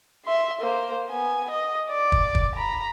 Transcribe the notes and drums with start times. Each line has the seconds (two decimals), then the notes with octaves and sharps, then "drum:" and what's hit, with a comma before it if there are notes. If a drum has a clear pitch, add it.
0.25 E5 C6
0.61 A#3 C5
1.09 B3 G#5
1.50 D#5
1.90 D5 D6
2.12 drum: kick
2.35 drum: kick
2.55 A#5 B5